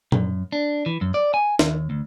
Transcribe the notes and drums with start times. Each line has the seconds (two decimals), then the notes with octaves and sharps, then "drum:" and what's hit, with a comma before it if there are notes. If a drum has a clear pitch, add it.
0.12 F#2, drum: tom A#2
0.52 D4
0.86 E3
1.01 F#2
1.14 D5
1.34 G#5
1.59 D#2, drum: snare
1.90 D2